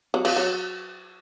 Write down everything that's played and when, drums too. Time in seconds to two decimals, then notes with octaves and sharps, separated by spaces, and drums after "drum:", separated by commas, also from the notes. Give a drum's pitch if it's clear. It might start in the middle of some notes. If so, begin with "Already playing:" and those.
0.14 F#3
0.25 F3, drum: cymbal
0.36 F#3